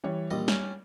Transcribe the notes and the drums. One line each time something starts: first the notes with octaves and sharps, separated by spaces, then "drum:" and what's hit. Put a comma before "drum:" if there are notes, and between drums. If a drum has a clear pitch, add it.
E3 G3 C#5
A#1 G3 D#5
C#4, drum: snare